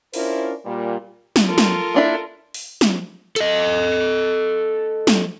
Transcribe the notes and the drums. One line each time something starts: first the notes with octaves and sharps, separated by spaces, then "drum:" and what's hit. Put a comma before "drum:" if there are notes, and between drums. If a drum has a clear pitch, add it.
C#4 D4 E4 F4 A#4 C5, drum: open hi-hat
A#2 G3
drum: snare
F4 A4 A#4
drum: snare
A#3 D4 E4
drum: open hi-hat
drum: snare
A4 D#5, drum: hi-hat
drum: snare